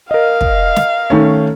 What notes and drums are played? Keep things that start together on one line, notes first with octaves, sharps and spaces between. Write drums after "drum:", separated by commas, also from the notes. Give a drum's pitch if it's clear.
A#4 D#5 F5
drum: kick
drum: snare
D#3 A3 C#4